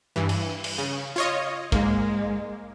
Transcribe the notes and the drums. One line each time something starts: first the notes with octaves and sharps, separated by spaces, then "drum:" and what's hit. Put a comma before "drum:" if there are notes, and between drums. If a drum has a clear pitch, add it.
G2 E3
drum: cymbal
drum: cymbal
C#3
F4 C#5 D#5
G#2 G#3 A#3, drum: kick